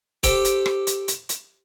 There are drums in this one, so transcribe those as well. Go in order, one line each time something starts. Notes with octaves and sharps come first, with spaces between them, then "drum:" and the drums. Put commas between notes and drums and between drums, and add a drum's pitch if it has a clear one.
G4 A4 C5 G5, drum: kick C#1, hi-hat
drum: hi-hat
drum: rim click
drum: hi-hat
drum: hi-hat
drum: hi-hat